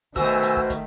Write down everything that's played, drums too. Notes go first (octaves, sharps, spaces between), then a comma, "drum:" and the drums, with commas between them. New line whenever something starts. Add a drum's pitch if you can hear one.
B2 D#3 A3 F#4 C5 G#5 E6, drum: kick, hi-hat
drum: hi-hat
drum: kick
drum: kick, hi-hat